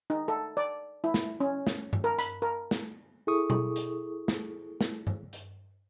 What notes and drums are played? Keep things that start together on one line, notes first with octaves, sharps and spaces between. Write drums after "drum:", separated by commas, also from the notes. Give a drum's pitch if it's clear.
D#4
A4
D5
E4
drum: snare
C#4
drum: snare
drum: tom G2
A#4
B5, drum: hi-hat
A#4
drum: snare
E4 G#4 A4 C#6 D#6
drum: tom B2
drum: hi-hat
drum: snare
drum: snare
drum: tom G2
drum: hi-hat